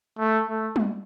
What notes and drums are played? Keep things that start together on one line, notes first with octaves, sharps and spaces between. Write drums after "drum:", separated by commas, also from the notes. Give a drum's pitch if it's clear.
A3
A3
drum: tom G3